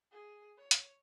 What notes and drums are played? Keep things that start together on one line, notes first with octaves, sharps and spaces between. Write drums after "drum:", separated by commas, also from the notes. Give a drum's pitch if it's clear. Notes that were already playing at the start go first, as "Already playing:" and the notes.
G#4
C#5
drum: hi-hat